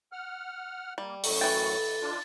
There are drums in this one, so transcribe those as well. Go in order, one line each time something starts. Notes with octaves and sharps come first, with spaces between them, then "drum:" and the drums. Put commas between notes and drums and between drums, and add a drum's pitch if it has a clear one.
F#5 F6
G3 A#3
F#2 A2 A4 C#6, drum: open hi-hat
E3 G5 A6
D4 F4